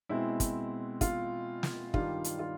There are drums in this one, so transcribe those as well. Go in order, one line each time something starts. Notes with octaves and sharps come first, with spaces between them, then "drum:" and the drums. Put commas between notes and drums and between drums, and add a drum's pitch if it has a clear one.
B2 G#3 C4 E4
drum: kick, hi-hat
F4, drum: kick, hi-hat
drum: snare
G2 D#3 G3 F4, drum: kick
drum: hi-hat
F4